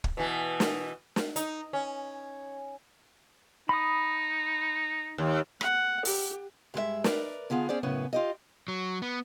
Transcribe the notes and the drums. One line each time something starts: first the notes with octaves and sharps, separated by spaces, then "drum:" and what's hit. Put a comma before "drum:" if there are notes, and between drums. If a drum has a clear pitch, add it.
drum: kick
B2 E3
drum: snare
drum: snare
D#4, drum: hi-hat
C#4
D#4 B5 D#6
D#2
F#5, drum: rim click
G4, drum: open hi-hat
G2 G#3 G4 E5
A#4 B4 D5, drum: snare
D3 B3 F4 G#4
C#4 G#4 C5 D5
F#2 A2 C#3 B3 C#4
F4 G4 D#5
F#3
B3